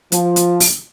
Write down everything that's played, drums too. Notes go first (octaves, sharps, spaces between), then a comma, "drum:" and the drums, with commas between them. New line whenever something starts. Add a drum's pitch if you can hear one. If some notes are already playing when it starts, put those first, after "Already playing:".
F3, drum: hi-hat
drum: hi-hat
drum: open hi-hat